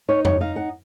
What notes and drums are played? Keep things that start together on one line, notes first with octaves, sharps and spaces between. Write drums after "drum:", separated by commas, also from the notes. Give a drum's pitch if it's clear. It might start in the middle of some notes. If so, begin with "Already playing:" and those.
D#4 C#5
C#5, drum: tom F2
D#4 F5
F#5